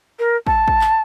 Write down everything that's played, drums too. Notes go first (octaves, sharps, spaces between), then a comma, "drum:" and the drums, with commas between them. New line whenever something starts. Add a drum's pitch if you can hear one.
A#4
A5, drum: kick
drum: kick
drum: clap